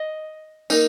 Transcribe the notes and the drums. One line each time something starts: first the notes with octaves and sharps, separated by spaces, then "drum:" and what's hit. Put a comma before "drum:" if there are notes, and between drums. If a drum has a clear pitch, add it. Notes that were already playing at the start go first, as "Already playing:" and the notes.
Already playing: D#5
A#3 D#4, drum: tambourine